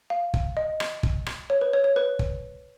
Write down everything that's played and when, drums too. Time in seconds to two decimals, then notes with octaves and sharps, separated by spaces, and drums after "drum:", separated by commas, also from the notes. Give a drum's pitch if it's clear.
0.10 F5
0.34 drum: kick
0.57 D#5
0.80 drum: rim click
1.03 drum: kick
1.26 drum: rim click
1.50 C#5
1.61 B4
1.73 C#5
1.84 C#5
1.96 B4
2.19 drum: kick